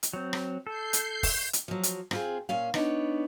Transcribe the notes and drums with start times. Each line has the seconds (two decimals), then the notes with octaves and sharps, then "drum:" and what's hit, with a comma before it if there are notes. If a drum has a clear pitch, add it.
0.03 drum: hi-hat
0.13 F#3 C4
0.33 drum: rim click
0.67 A4 G6 C7
0.93 drum: hi-hat
1.23 drum: kick, open hi-hat
1.53 drum: hi-hat
1.68 F3 F#3
1.83 drum: hi-hat
2.11 C4 F4 G#4, drum: rim click
2.49 A#2 C#4 F5
2.74 B3 D4 D#4 C#5, drum: rim click